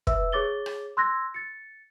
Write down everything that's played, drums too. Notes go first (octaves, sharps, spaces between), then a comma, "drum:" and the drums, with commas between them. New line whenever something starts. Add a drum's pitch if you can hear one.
B4 E5 E6, drum: kick
G#4 C#5 D6 A6 G7
drum: rim click
C6 E6 F#6 G#6 A#6
A6 C#7